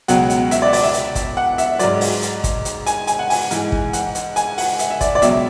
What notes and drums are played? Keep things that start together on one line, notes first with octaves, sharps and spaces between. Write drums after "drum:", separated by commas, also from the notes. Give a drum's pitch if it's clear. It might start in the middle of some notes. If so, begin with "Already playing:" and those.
C#2 B2 F#3 F#5, drum: hi-hat
drum: hi-hat
E5, drum: hi-hat
D5
D5, drum: open hi-hat
E5
drum: hi-hat
drum: kick, hi-hat
F#5
E5, drum: hi-hat
G#2 F#3 D5, drum: hi-hat
drum: open hi-hat
drum: hi-hat
drum: kick, hi-hat
drum: hi-hat
G#5, drum: hi-hat
G#5, drum: hi-hat
F#5
G#5, drum: open hi-hat
G#2 E3, drum: hi-hat
drum: kick
F#5, drum: hi-hat
drum: hi-hat
G#5, drum: hi-hat
F#5, drum: open hi-hat
E5, drum: hi-hat
E5
D5, drum: kick, hi-hat
D5
C#2 B2 F#3 E5, drum: hi-hat